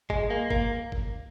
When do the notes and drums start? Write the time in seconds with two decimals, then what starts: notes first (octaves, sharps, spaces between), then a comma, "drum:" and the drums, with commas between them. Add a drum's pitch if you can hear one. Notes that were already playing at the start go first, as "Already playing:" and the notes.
0.10 G#3, drum: kick G#1
0.30 A#3
0.51 A#3, drum: kick G#1
0.92 drum: kick G#1